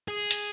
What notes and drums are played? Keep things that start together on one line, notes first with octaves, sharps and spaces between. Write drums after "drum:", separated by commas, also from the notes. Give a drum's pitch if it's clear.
G#4
drum: hi-hat